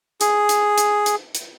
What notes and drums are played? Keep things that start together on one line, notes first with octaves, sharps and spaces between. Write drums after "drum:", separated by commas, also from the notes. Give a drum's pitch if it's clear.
G#4, drum: hi-hat
drum: hi-hat
drum: hi-hat
drum: hi-hat
drum: hi-hat